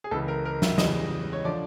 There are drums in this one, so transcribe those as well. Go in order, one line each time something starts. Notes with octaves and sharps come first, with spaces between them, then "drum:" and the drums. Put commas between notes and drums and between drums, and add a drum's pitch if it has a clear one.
G#4
C#2 C#3 E3 A4
A#4
A#4
E5, drum: snare
E2 C#3 E3 G3 D#5, drum: snare
C#5
D3 F3 D5